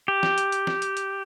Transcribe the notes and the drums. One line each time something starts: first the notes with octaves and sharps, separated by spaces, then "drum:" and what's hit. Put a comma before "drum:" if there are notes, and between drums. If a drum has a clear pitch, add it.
G4
drum: snare
drum: hi-hat
drum: hi-hat
drum: snare
drum: hi-hat
drum: hi-hat